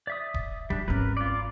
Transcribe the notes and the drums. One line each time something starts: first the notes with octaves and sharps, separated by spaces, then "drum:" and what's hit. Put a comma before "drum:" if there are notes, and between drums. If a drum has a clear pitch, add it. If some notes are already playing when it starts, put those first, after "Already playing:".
D5 E5 D#6
drum: kick D#1
G3 D4, drum: kick D#1
G#1 C#4 A#4 B4
F4 D5